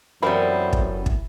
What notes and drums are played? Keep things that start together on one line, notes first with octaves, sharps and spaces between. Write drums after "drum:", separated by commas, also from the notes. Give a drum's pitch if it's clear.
F#2 E3 G3 A3 B3 C4 A#4 B5
drum: kick
drum: kick